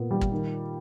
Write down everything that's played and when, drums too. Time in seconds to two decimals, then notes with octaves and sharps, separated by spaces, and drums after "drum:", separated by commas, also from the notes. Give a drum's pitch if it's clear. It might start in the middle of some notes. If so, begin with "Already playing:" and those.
Already playing: A#2 B3
0.11 G3
0.21 drum: kick
0.32 D#3